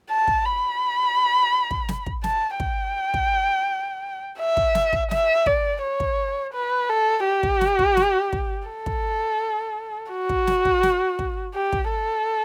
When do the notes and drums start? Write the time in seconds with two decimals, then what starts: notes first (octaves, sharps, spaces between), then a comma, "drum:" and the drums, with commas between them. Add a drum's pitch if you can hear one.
0.10 A5
0.28 drum: kick
0.45 B5
1.71 drum: kick
1.89 drum: snare
2.06 drum: kick
2.24 A5, drum: snare
2.60 G5, drum: kick
3.14 drum: kick
4.39 E5
4.57 drum: kick
4.75 drum: snare
4.93 drum: kick
5.11 E5, drum: snare
5.46 D5, drum: kick
5.82 C#5
6.00 drum: kick
6.54 B4
6.89 A4
7.25 G4
7.43 drum: kick
7.61 drum: snare
7.79 drum: kick
7.97 drum: snare
8.33 drum: kick
8.68 A4
8.86 drum: kick
10.12 F#4
10.29 drum: kick
10.47 drum: snare
10.65 drum: kick
10.83 drum: snare
11.19 drum: kick
11.54 G4
11.73 drum: kick
11.91 A4